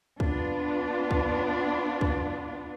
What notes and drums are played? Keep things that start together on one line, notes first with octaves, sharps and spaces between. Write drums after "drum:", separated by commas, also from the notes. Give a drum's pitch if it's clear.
B3 D4 F4, drum: kick
drum: kick
drum: kick